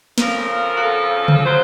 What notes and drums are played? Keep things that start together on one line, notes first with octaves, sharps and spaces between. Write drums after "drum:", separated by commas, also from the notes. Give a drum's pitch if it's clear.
F2 C#3 F3 A#4, drum: snare
F#4
A4
drum: tom C#3
C#3 F#3 C5